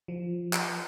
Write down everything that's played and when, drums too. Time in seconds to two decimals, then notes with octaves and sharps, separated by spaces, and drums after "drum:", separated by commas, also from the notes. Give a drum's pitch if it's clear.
0.08 F3
0.53 drum: clap